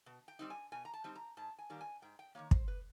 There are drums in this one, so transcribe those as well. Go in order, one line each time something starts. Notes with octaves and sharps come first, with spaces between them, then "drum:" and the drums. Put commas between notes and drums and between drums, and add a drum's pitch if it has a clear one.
B2
G5
G3 C4 D#4
G#5
B2 G#5
A#5
A5
G3 C4 D#4
A#5
G#2 A5
G#5
D#3 G3 A#3
G#5
G#2 G5
G5
D#3 G3 A#3 C#5
C5, drum: kick
B4